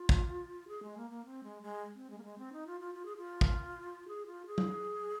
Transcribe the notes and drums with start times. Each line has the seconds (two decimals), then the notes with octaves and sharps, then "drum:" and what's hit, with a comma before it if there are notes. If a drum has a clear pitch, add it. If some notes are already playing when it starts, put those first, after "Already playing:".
Already playing: F4
0.09 drum: kick
0.68 G#4
0.83 G#3
0.97 A#3
1.10 A#3
1.25 C4
1.43 G#3
1.62 G#3
1.95 C4
2.10 G#3
2.18 A#3
2.24 G#3
2.38 C4
2.53 D#4
2.67 F4
2.81 F4
2.95 F4
3.06 G#4
3.17 F4
3.41 drum: kick
4.08 G#4
4.26 F4
4.46 G#4
4.58 drum: tom